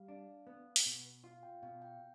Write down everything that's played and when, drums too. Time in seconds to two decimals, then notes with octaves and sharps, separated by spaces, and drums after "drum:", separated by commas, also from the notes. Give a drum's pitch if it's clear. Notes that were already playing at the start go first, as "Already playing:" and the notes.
Already playing: G3 F5
0.08 D4
0.47 B3
0.76 drum: open hi-hat
0.86 B2
1.24 F4 F5
1.43 G5
1.62 B2 F5
1.82 G5